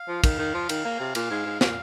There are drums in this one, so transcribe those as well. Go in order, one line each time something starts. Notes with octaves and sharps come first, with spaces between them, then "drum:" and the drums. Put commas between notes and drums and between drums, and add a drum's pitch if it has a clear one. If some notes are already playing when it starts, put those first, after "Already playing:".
Already playing: F5
F3
D#3, drum: kick, cymbal
D#3
F3
D#3, drum: cymbal
A#3
C3
A#2 F5, drum: cymbal
G#2
G#2
A#2 F5, drum: snare